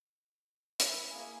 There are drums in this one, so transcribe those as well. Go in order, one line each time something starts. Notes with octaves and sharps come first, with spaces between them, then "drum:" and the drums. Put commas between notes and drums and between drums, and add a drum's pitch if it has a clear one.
E4 E5 B5 D6, drum: hi-hat
A#3 G#4 F5 G#5